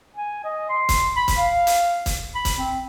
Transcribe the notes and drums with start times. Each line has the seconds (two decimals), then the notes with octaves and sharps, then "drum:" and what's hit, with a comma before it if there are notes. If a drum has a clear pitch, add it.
0.16 G#5
0.44 D#5
0.69 C6
0.89 drum: kick C#1, hi-hat
1.16 B5
1.28 drum: kick C#1, hi-hat
1.38 F5
1.67 drum: hi-hat
2.06 drum: kick C#1, hi-hat
2.35 B5
2.45 drum: kick C#1, hi-hat
2.58 C4